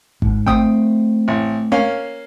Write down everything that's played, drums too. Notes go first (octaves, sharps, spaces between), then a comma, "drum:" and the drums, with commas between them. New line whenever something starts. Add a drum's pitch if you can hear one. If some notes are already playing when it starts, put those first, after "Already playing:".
G#2, drum: kick G#1
A3 C4 G5 D#6, drum: kick G#1
A1
A#3 C#4 F5